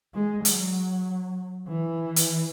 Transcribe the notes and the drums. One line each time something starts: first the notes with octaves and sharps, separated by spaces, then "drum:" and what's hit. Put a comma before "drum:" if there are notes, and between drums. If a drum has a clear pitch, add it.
G#3
F#3, drum: hi-hat
E3
drum: hi-hat